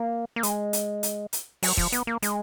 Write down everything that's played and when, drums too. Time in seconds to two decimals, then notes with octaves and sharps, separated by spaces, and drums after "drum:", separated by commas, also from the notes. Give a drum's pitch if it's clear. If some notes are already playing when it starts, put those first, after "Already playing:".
Already playing: A#3
0.36 A#3
0.43 G#3, drum: hi-hat
0.73 drum: hi-hat
1.03 drum: hi-hat
1.33 drum: hi-hat
1.63 F#3, drum: open hi-hat
1.77 F3, drum: kick
1.92 B3, drum: hi-hat
2.07 A#3
2.22 G#3, drum: hi-hat